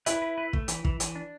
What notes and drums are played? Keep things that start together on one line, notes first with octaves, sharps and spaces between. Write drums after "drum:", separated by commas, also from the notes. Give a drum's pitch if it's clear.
E4 B4, drum: hi-hat
B4
B4
A3, drum: kick
E3, drum: hi-hat
E3, drum: kick
E3, drum: hi-hat
D4